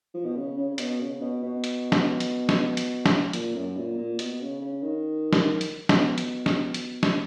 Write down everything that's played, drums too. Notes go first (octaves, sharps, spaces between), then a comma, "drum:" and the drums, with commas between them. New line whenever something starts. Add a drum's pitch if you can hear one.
F3
B2
C#3
C#3
C#3
B2, drum: hi-hat
C#3
B2
B2
drum: hi-hat
drum: snare
drum: hi-hat
drum: snare
drum: hi-hat
drum: snare
A#2, drum: hi-hat
F#2
A#2
A#2
B2, drum: hi-hat
C#3
C#3
D#3
drum: snare
drum: hi-hat
B2, drum: snare
drum: hi-hat
drum: snare
drum: hi-hat
drum: snare